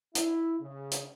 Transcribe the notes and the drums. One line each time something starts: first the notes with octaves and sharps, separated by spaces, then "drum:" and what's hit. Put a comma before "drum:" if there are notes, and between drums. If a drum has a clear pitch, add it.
E4, drum: hi-hat
C#3
drum: hi-hat